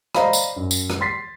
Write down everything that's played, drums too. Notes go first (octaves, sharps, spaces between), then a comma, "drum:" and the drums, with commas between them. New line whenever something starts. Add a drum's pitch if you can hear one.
C5 D5 D#5 F5 A#5 B5, drum: rim click
drum: tambourine
F#2
drum: tambourine
drum: rim click
C6 A6 B6 C7